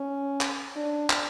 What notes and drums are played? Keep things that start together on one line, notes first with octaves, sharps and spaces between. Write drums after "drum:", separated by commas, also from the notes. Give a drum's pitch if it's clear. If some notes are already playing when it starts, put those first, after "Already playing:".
Already playing: C#4
drum: clap
D4
drum: clap